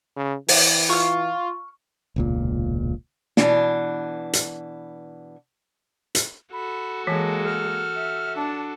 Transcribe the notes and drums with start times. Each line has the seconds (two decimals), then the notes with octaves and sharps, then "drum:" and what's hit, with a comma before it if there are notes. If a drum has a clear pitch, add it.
0.16 C#3
0.48 E3, drum: open hi-hat
0.89 F4 C#6 F6
2.16 E1 C#2 A#2
3.37 B2 E3 D4, drum: snare
4.33 drum: hi-hat
6.15 drum: hi-hat
6.53 F#4 A4 B5
7.07 E3 G#3 A#3 A5
7.45 F6
7.96 E5
8.36 D4 A5